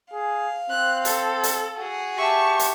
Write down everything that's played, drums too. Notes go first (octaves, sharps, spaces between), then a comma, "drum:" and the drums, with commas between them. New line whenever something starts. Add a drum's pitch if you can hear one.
G#4 F5
C4 F#6
A4, drum: hi-hat
drum: hi-hat
F#4 G#4
G4 E5 A5 C#6
drum: hi-hat